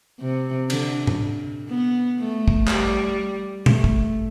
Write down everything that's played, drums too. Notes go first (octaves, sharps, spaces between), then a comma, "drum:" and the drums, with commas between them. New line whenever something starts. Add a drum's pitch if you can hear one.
C3
D3, drum: cymbal
drum: tom A2
B3
A3
drum: kick
G3, drum: clap
A3, drum: tom A#2
drum: kick